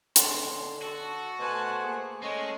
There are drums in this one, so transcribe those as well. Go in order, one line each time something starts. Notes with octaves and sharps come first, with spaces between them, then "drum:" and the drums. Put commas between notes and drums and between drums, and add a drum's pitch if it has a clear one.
D3 C6, drum: hi-hat
F#4 A4
B2 A3 C5 G#5 A5 F#6
A#3 G#4
G#3 A3 C#4 D#5 C#6